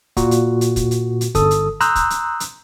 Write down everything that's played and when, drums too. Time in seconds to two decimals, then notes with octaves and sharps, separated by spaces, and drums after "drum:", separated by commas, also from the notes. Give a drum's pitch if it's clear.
0.17 A#2 F#4, drum: kick, hi-hat
0.31 drum: hi-hat
0.61 drum: hi-hat
0.76 drum: kick, hi-hat
0.91 drum: hi-hat
1.21 drum: hi-hat
1.35 G1 A4 D#6, drum: kick, hi-hat
1.51 drum: hi-hat
1.81 A#5 C6 D#6 E6 F#6 G6, drum: hi-hat
1.95 drum: kick, hi-hat
2.10 drum: hi-hat
2.40 drum: hi-hat